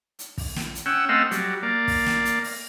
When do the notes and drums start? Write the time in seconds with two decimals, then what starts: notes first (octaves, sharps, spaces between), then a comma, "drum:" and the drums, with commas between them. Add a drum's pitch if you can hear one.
0.19 drum: hi-hat
0.38 drum: kick, open hi-hat
0.56 drum: snare
0.75 drum: hi-hat
0.86 C#4 F#5 G5 E6
1.09 A3 C4 D#5 F5 F#5 E6
1.31 F#3 G3, drum: hi-hat
1.63 A#3 D5
1.88 drum: kick, open hi-hat
2.06 drum: snare
2.25 drum: hi-hat
2.44 drum: open hi-hat